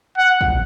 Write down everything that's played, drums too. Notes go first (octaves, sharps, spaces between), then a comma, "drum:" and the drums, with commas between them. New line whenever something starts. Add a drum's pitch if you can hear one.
F#5
drum: kick